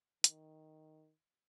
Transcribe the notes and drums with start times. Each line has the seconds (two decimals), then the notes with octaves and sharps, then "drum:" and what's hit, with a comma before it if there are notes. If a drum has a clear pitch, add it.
0.24 D#3, drum: hi-hat